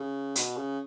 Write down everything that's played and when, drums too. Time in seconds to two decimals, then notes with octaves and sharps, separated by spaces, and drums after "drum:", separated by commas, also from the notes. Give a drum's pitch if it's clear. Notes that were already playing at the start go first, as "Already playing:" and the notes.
Already playing: C#3
0.36 B2, drum: hi-hat
0.57 C#3